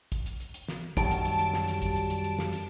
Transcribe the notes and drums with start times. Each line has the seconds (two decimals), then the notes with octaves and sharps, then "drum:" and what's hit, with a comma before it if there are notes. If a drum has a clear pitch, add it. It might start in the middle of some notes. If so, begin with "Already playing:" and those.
0.12 drum: kick, hi-hat
0.26 drum: hi-hat
0.40 drum: hi-hat
0.54 drum: hi-hat
0.68 drum: snare
0.97 F#2 D#3 G3 A5 D7, drum: kick, hi-hat
1.11 drum: hi-hat
1.25 drum: hi-hat
1.39 drum: hi-hat
1.53 drum: snare
1.68 drum: hi-hat
1.82 drum: kick, hi-hat
1.96 drum: hi-hat
2.10 drum: hi-hat
2.24 drum: hi-hat
2.39 drum: snare
2.53 drum: hi-hat